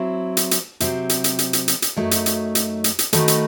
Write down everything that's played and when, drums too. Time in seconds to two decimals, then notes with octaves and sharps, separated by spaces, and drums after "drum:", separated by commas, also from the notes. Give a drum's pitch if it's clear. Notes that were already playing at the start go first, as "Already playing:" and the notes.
Already playing: F#3 C4 E4
0.37 drum: hi-hat
0.51 drum: hi-hat
0.80 C3 F#3 C4, drum: hi-hat
1.09 drum: hi-hat
1.24 drum: hi-hat
1.39 drum: hi-hat
1.53 drum: hi-hat
1.68 drum: hi-hat
1.82 drum: hi-hat
1.96 F#2 F#3 A3 D#4
2.11 drum: hi-hat
2.26 drum: hi-hat
2.55 drum: hi-hat
2.84 drum: hi-hat
2.99 drum: hi-hat
3.13 D#3 A3 D#4 F#4 B4, drum: hi-hat
3.28 drum: hi-hat